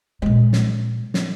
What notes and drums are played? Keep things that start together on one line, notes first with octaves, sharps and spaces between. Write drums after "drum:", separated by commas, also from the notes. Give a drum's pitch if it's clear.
A#2 G#3
drum: snare
drum: snare